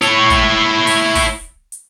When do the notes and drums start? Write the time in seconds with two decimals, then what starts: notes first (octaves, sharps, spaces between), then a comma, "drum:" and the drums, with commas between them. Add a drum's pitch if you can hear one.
0.02 E4 C#5, drum: hi-hat
0.30 drum: kick, hi-hat
0.87 drum: open hi-hat
1.15 drum: kick, open hi-hat
1.72 drum: hi-hat